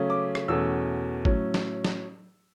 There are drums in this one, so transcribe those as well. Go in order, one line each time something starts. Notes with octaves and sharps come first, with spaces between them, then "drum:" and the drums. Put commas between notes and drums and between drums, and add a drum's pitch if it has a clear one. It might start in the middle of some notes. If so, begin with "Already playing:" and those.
Already playing: C#3 F#3 A3 C#4
D6
drum: rim click
E2 B2 A3 C#4 E6
A2 F#3 C#4, drum: kick
drum: snare
drum: snare